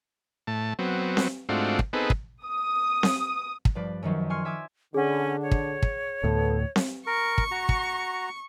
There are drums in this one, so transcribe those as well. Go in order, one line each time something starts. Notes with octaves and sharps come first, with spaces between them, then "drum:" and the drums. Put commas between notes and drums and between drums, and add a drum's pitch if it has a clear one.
A2 A5
F#3 B3 C4
drum: snare C4
G#2 A3 C4 D4 F4 F#4
drum: kick
B3 C4 D#4 G#4 A4 B4
drum: kick
D#6
drum: snare C4
drum: kick
G2 F3 B4 D5
F#2 D#3 F3 F#3
G#5 C6 C#6 F6
E5 G#5 D6 E6
D3 C#4 G#4 F#5
C#5
drum: kick
drum: kick
D2 A2 B3 A4
drum: snare C4
A#4 C#6
drum: kick
F#4 A#5
drum: kick